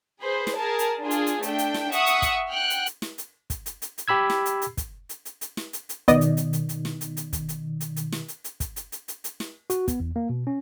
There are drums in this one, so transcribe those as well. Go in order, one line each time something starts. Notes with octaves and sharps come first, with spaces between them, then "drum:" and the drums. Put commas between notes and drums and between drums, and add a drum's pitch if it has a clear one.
G#4 B4 C5
drum: snare
G#4 A#4 A5
drum: hi-hat
D4 F4 G#4
drum: hi-hat
drum: hi-hat
A3 D4 G5, drum: hi-hat
drum: hi-hat
drum: snare
E5 F#5 C#6 D#6, drum: hi-hat
drum: hi-hat
drum: kick, hi-hat
F#5 G5 F6 F#6
drum: hi-hat
drum: hi-hat
drum: snare
drum: hi-hat
drum: kick, hi-hat
drum: hi-hat
drum: hi-hat
drum: hi-hat
G4 B5 E6 G#6
drum: snare
drum: hi-hat
drum: hi-hat
drum: kick, hi-hat
drum: hi-hat
drum: hi-hat
drum: hi-hat
drum: snare
drum: hi-hat
drum: hi-hat
B2 D#3 B3 D5 D#5, drum: kick, hi-hat
drum: hi-hat
drum: hi-hat
drum: hi-hat
drum: hi-hat
drum: snare
drum: hi-hat
drum: hi-hat
drum: kick, hi-hat
drum: hi-hat
drum: hi-hat
drum: hi-hat
drum: snare
drum: hi-hat
drum: hi-hat
drum: kick, hi-hat
drum: hi-hat
drum: hi-hat
drum: hi-hat
drum: hi-hat
drum: snare
F#4, drum: hi-hat
B3, drum: kick, hi-hat
E2
A#3
B2
C#4